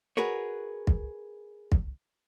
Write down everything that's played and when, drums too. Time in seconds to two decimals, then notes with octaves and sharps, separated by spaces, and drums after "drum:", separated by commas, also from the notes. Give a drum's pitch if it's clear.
0.17 F#4 G#4 A#4 B4 C#5
0.87 drum: kick
1.72 drum: kick